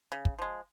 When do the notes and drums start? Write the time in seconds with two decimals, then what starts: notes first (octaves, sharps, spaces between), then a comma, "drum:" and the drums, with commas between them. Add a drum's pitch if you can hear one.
0.12 C#3
0.25 drum: kick
0.39 F3 G#3